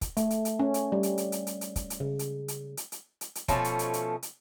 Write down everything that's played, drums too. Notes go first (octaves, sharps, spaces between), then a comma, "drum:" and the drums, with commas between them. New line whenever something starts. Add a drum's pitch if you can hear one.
drum: kick, hi-hat
A3, drum: hi-hat
drum: hi-hat
drum: hi-hat
C#4
drum: hi-hat
G3
drum: hi-hat
drum: hi-hat
drum: hi-hat
drum: hi-hat
drum: hi-hat
drum: kick, hi-hat
drum: hi-hat
C#3
drum: hi-hat
drum: hi-hat
drum: hi-hat
drum: hi-hat
drum: hi-hat
drum: hi-hat
B2 F3 A3 C#4, drum: kick, hi-hat
drum: hi-hat
drum: hi-hat
drum: hi-hat
drum: hi-hat